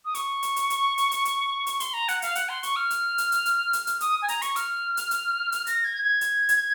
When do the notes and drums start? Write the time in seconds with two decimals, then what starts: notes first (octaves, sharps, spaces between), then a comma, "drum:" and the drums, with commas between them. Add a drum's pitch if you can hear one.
0.05 D#6
0.15 C#6, drum: hi-hat
0.43 drum: hi-hat
0.56 drum: hi-hat
0.70 drum: hi-hat
0.98 drum: hi-hat
1.11 drum: hi-hat
1.25 drum: hi-hat
1.67 drum: hi-hat
1.80 C6, drum: hi-hat
1.93 A#5
2.08 F#5, drum: hi-hat
2.22 F5, drum: hi-hat
2.35 F#5, drum: hi-hat
2.49 C6
2.63 C#6, drum: hi-hat
2.76 F6
2.90 drum: hi-hat
3.18 drum: hi-hat
3.32 drum: hi-hat
3.46 drum: hi-hat
3.73 drum: hi-hat
3.87 drum: hi-hat
4.01 D#6, drum: hi-hat
4.22 G#5
4.28 A#5, drum: hi-hat
4.42 C#6, drum: hi-hat
4.56 F6, drum: hi-hat
4.97 drum: hi-hat
5.11 drum: hi-hat
5.52 drum: hi-hat
5.67 A#6, drum: hi-hat
5.84 G#6
6.02 G#6
6.21 drum: hi-hat
6.49 drum: hi-hat